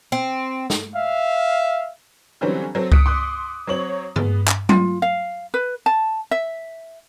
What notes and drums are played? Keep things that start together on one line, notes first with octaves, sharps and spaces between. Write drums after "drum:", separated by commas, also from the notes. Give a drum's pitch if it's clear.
C4
drum: snare
E5 F5
D3 E3 F#3 G3 C4 C#4
F#3 C4 A4
D#6 F#6 B6 C#7 D7, drum: kick C#2
C6 D6 D#6 F#6
F#3 C4 C#5 F#7
G#3 B3, drum: tom G2
drum: clap
F4, drum: tom F#3
F5
B4
A5
E5